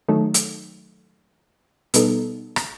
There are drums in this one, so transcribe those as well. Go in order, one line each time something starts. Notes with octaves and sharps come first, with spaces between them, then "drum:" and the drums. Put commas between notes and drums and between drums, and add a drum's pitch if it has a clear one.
D#3 F#3 A3 D#4 A4
drum: hi-hat
B2 G3 B3 D#4 A4, drum: hi-hat
drum: rim click